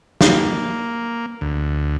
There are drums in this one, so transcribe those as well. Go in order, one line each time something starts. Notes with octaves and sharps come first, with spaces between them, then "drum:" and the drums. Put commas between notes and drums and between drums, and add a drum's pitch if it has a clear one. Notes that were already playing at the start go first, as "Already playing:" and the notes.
A#3, drum: snare
D2